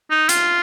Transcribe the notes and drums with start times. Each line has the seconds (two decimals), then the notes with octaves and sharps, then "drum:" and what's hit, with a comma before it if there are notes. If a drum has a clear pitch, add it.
0.11 D#4
0.29 F4, drum: hi-hat